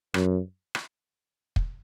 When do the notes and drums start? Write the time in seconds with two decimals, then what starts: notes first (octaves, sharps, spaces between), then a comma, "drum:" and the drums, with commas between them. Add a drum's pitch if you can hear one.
0.14 F#2, drum: rim click
0.75 drum: rim click
1.56 drum: kick